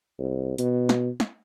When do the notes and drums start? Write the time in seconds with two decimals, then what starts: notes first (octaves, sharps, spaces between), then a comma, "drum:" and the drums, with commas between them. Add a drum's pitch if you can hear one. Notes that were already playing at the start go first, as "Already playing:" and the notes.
0.19 C2
0.58 B2, drum: hi-hat
0.89 drum: snare
1.20 drum: snare